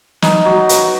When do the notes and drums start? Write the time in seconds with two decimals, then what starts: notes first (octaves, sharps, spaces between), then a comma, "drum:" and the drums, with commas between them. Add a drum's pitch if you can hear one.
0.22 D#4, drum: snare
0.45 F#3
0.69 B4, drum: hi-hat